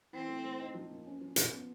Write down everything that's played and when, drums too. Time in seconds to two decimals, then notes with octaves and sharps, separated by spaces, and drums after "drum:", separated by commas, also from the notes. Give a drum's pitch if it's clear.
0.12 E3 C4
0.28 A3
0.43 A3
0.59 D#4
0.74 F3
0.90 A#3
1.06 C#4
1.21 F3
1.36 F3, drum: hi-hat
1.53 B3